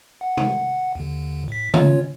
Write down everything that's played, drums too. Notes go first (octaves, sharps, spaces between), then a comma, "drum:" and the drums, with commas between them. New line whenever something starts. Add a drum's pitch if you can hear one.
F#5
drum: tom
D#2 D3
A2 B6
C#4 F4 C#5, drum: tom C#3